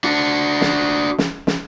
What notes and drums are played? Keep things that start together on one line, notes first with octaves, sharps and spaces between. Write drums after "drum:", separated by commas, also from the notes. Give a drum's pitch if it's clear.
D4 F#4
drum: snare
drum: snare
drum: snare